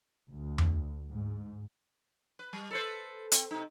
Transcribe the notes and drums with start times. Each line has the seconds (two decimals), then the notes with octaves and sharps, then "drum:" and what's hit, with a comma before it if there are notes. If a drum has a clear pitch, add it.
0.32 D2
0.58 drum: tom E2
1.12 G#2
2.39 B4
2.53 G3
2.71 A4 B4 C5
3.32 C4, drum: hi-hat
3.51 C3 D#4